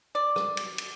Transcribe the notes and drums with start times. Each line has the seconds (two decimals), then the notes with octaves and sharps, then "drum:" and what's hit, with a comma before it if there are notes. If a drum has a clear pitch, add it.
0.15 D5
0.36 drum: rim click
0.57 drum: cymbal
0.78 drum: cymbal